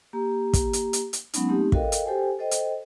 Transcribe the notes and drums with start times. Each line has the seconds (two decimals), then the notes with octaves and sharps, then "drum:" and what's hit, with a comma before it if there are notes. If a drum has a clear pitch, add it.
0.13 A#3 G4 A#5
0.53 drum: kick, hi-hat
0.73 drum: hi-hat
0.93 drum: hi-hat
1.13 drum: hi-hat
1.34 F#3 G#3 B3 C#4 D#4, drum: hi-hat
1.49 A3 C4 D#4 G4
1.72 F#4 A4 A#4 D#5 F5 G5, drum: kick
1.92 drum: hi-hat
2.06 G4 A4 C5 G5 G#5
2.39 A4 C5 D#5 G5
2.51 drum: hi-hat